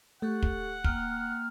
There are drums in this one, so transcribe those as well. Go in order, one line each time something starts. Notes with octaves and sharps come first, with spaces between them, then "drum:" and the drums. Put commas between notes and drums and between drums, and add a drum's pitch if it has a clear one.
A3 G4 A4 F#5 C#6
drum: kick
A#3 G5 F6, drum: kick